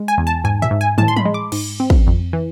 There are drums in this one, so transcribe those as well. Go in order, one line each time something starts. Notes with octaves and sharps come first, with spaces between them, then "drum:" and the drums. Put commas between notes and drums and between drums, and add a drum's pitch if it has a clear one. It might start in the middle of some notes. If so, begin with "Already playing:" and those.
Already playing: G#3
G#5
E2
A5
G#2 G#5
E5, drum: tom
G#2
G#5
A2 A5, drum: tom
C6
B5, drum: tom
G#3
D6
G#2, drum: cymbal
C4
drum: kick
F2
E3